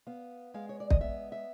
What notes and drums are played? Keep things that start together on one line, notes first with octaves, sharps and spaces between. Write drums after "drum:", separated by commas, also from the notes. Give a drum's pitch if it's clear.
B3 F5
G#3 F5
C#5
D5
D#5, drum: kick
B3 E5
E5